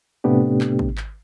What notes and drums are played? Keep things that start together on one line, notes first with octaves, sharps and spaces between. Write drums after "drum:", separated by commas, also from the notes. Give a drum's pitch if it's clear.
A2 C3 A3 B3 D4 G4
drum: clap
drum: kick
drum: clap